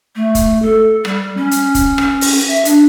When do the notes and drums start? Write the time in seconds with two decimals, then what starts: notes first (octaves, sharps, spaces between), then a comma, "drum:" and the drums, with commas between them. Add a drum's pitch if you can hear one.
0.16 A3
0.35 drum: kick, hi-hat
0.62 A4
1.05 G3, drum: rim click
1.37 C#4
1.51 drum: hi-hat
1.75 drum: kick, hi-hat
1.98 drum: rim click
2.21 drum: open hi-hat
2.48 E5
2.65 D4, drum: hi-hat